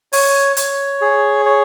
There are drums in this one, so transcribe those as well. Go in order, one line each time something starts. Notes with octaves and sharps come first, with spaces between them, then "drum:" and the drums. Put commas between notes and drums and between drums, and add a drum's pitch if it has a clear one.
C#5, drum: open hi-hat
C#5, drum: hi-hat
G#4
C#5